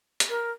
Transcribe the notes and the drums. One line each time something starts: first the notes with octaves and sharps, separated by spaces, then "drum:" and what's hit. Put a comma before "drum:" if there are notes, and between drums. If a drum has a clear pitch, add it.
drum: hi-hat
A#4